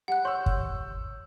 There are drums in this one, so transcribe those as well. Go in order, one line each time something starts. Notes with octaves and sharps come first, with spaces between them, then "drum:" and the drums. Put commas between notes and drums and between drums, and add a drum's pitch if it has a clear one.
G3 F#5 F#6
C#5 C6 C#6 E6 G6
drum: kick